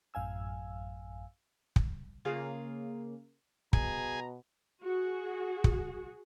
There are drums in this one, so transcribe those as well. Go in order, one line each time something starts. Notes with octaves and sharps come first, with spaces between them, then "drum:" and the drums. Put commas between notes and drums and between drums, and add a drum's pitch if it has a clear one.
A1 F#2 F5 G#5 E6
drum: kick
C#3 A#3 F4 G#4
B2 G#4 A#5, drum: kick
F#4 G#4
drum: kick